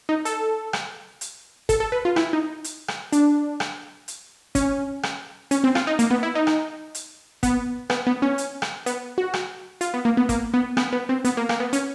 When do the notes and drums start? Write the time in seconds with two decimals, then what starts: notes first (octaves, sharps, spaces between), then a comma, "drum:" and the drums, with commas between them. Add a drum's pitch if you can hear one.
0.09 D#4
0.25 A4, drum: hi-hat
0.73 drum: rim click
1.21 drum: hi-hat
1.69 A4, drum: kick, hi-hat
1.80 A4
1.92 B4
2.05 F4
2.16 E4, drum: rim click
2.33 D#4
2.64 drum: hi-hat
2.88 drum: rim click
3.12 D4, drum: hi-hat
3.60 drum: rim click
4.08 drum: hi-hat
4.55 C#4, drum: kick, hi-hat
5.03 drum: rim click
5.51 C#4, drum: hi-hat
5.64 C4
5.75 F4, drum: rim click
5.87 D#4
5.99 A#3, drum: hi-hat
6.11 B3
6.23 E4
6.35 D#4
6.47 drum: rim click
6.95 drum: hi-hat
7.43 B3, drum: kick, hi-hat
7.90 B3, drum: rim click
8.07 B3
8.22 C#4
8.38 drum: hi-hat
8.62 drum: rim click
8.86 B3, drum: hi-hat
9.18 F#4
9.34 drum: rim click
9.81 F4, drum: hi-hat
9.94 B3
10.05 A#3
10.17 B3
10.29 A#3, drum: kick, hi-hat
10.54 B3
10.77 B3, drum: rim click
10.93 B3
11.09 C4
11.25 B3, drum: hi-hat
11.37 A#3
11.49 A#3, drum: rim click
11.60 B3
11.73 C#4, drum: hi-hat